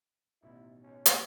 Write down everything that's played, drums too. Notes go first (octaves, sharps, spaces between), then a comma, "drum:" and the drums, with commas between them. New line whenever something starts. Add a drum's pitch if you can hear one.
A1 B2 D#3 E4
C#4
drum: hi-hat